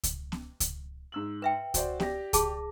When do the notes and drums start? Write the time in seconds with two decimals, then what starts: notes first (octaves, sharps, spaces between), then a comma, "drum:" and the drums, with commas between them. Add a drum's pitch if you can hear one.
0.03 drum: kick C#2, hi-hat
0.32 drum: snare
0.60 drum: kick C#2, hi-hat
1.12 G#2 E6 F#7
1.42 B4 E5 G5
1.74 F#4 C5 D5, drum: kick C#2, hi-hat
2.00 G4 D5 A#6, drum: snare
2.33 G#4 A5 D6, drum: kick C#2, hi-hat